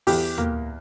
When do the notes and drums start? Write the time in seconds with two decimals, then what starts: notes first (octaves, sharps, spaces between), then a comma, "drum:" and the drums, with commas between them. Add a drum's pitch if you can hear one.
0.07 E2 G4, drum: open hi-hat
0.38 A#3, drum: tom D2